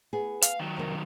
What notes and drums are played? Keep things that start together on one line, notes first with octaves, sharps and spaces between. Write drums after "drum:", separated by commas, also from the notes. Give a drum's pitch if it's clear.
B3 G#4
F5, drum: hi-hat
D#3 F#3
F2 C3 A#4